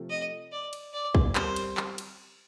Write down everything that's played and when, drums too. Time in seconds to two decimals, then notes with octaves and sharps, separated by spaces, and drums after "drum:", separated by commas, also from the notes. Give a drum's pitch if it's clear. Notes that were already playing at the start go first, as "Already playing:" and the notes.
Already playing: C3 F3 A3
0.10 D#5
0.52 D5
0.73 drum: cymbal
0.93 D5
1.15 drum: kick
1.35 G3 C4 G4 A#4 C5, drum: clap
1.56 drum: cymbal
1.77 drum: clap
1.98 drum: cymbal